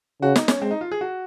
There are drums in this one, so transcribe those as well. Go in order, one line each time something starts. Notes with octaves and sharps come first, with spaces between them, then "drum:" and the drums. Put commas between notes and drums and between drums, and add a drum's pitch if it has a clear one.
C#3 F#4
D#4, drum: snare
C#4, drum: snare
G#3 C4
D#4
F4
G#4
F#4